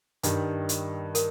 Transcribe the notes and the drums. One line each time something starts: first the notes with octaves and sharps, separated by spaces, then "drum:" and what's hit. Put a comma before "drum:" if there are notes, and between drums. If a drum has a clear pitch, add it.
G2 D#3 G3, drum: hi-hat
drum: hi-hat
A#4, drum: hi-hat